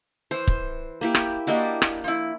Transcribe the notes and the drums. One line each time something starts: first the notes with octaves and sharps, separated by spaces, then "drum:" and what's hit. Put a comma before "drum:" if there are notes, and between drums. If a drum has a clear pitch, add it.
E3 C5
drum: kick
A#3 E4 G4
drum: rim click
A#3 D4 E4 F#4 G4 D#5
drum: rim click
F3 E4